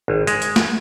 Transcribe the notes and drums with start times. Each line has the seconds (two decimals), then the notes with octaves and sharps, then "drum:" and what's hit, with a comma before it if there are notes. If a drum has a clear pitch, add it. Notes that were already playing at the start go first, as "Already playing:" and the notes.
0.08 G#1
0.27 G#3, drum: hi-hat
0.42 drum: hi-hat
0.56 drum: snare